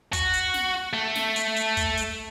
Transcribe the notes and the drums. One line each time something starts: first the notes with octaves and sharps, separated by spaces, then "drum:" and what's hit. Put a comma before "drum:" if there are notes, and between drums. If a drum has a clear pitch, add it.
F#4, drum: kick, hi-hat
drum: hi-hat
drum: snare
A3
drum: snare
drum: hi-hat
drum: hi-hat
drum: kick, hi-hat
drum: hi-hat